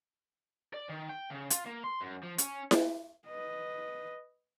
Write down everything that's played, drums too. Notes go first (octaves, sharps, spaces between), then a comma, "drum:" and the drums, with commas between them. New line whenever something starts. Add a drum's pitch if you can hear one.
D5
D#3
G5
C#3
F4, drum: hi-hat
A#3
C6
F#2
F3
C#4, drum: hi-hat
drum: snare E4
B4 D#5